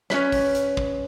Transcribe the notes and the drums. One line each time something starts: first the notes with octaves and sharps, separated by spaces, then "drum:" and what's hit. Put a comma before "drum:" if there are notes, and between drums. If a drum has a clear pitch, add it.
C#4 D4 B4, drum: snare
drum: kick, open hi-hat
drum: hi-hat
drum: kick